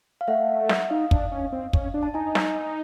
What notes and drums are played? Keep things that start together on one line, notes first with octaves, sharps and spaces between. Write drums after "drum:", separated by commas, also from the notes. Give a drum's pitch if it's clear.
F5
A3 E5 F#5
drum: snare
D#4 D#5 F5
D4, drum: kick
C#4
C4
C#4, drum: kick
D4
A5
D#4 G#5 A#5
drum: snare